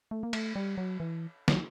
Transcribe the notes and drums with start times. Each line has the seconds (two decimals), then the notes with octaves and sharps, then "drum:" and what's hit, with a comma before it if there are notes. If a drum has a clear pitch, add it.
0.11 A3
0.23 A#3
0.33 A3, drum: cymbal
0.56 G3
0.78 F#3
1.00 E3
1.48 F#3, drum: snare